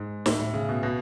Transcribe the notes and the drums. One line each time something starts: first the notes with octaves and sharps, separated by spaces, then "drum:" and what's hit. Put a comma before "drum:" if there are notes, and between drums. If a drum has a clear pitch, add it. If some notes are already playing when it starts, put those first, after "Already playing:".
Already playing: G#2
A2, drum: snare
A2
C#3
B2
B2